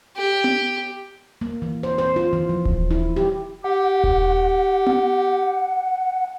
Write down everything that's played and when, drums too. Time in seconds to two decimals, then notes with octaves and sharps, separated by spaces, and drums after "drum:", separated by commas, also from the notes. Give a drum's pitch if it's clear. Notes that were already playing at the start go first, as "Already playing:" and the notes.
0.17 G4
0.44 drum: tom B3
1.41 A#3
1.62 E3
1.83 C5
1.98 C5
2.16 F4
2.33 E3
2.49 F3
2.65 drum: kick D#1
2.91 E4
3.16 G4
3.64 G4 F#5
4.04 drum: kick D#1
4.87 drum: tom B3